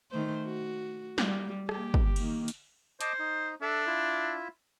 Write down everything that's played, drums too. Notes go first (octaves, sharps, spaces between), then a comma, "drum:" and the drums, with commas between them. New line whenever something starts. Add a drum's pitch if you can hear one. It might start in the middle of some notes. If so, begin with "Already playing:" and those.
D#3 A3 C5
F#4
G3, drum: snare
A#3 G4, drum: rim click
drum: kick
D#3 A#3, drum: cymbal
drum: hi-hat
C5 D#5 A5 D6, drum: hi-hat
D#4
D4 A4 E5
E4 F4 E5